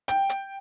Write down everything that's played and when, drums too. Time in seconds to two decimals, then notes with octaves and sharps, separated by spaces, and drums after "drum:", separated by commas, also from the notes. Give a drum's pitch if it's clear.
0.08 G5, drum: hi-hat
0.29 drum: hi-hat